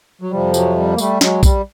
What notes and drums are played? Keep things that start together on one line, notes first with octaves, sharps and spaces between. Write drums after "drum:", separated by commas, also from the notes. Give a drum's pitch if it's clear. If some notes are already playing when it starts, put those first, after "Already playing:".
F#3
F2 C3 F3 G3
F#3, drum: tambourine
G3
A#3
G3 A3, drum: tambourine
F#3 G#3, drum: snare
G3, drum: kick, tambourine